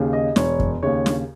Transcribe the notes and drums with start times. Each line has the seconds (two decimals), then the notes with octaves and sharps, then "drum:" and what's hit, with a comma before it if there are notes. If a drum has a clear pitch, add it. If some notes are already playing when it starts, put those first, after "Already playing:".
Already playing: D#2 C#3
0.13 D#5
0.36 E1 C#5, drum: snare
0.60 drum: kick F2
0.83 D#2 C#3 C#5
1.06 drum: snare